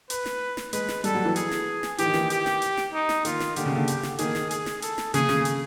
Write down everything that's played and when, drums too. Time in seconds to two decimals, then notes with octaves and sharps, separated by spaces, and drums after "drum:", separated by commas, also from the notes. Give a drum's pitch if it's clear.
0.10 B4, drum: hi-hat
0.26 drum: snare
0.57 drum: snare
0.73 G#3 B4, drum: hi-hat
0.89 drum: snare
1.04 G3 A4, drum: hi-hat
1.15 F#3
1.25 E3
1.36 G#4, drum: hi-hat
1.52 drum: snare
1.83 drum: snare
1.98 E3 G4, drum: hi-hat
2.06 D#3
2.14 E3, drum: snare
2.30 G4, drum: hi-hat
2.46 drum: snare
2.62 drum: hi-hat
2.77 drum: snare
2.94 D#4
3.09 drum: snare
3.25 D#3 F4, drum: hi-hat
3.40 drum: snare
3.56 D3 G4, drum: hi-hat
3.66 C#3
3.76 D3
3.88 drum: hi-hat
4.03 drum: snare
4.18 D#3 G#4, drum: hi-hat
4.35 drum: snare
4.51 G#4, drum: hi-hat
4.66 drum: snare
4.82 A4, drum: hi-hat
4.98 drum: snare
5.14 C#3 G#4, drum: hi-hat
5.29 C#3, drum: snare
5.45 drum: hi-hat